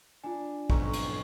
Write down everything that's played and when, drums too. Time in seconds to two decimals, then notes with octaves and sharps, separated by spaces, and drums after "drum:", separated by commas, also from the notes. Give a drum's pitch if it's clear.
0.24 D4 F4 G#5
0.70 B1 F2 G#2 A#5 C#6 D#6, drum: kick
0.93 drum: cymbal